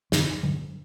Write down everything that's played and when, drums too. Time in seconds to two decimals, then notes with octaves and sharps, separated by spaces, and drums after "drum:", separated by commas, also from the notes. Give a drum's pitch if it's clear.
0.12 F#2 D3 F#3 C4, drum: snare
0.43 G2 D3 F#3